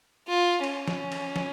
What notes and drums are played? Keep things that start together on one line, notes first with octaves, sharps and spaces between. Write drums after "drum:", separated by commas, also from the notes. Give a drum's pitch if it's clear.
F4
C#4, drum: cymbal
drum: snare
drum: cymbal
drum: snare